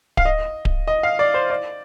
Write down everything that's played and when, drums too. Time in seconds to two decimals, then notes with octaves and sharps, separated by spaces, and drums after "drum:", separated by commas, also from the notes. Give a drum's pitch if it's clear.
0.17 F5, drum: kick D1
0.25 D#5
0.65 drum: kick D1
0.87 D#5
1.03 F5
1.19 D5
1.34 C5
1.50 D5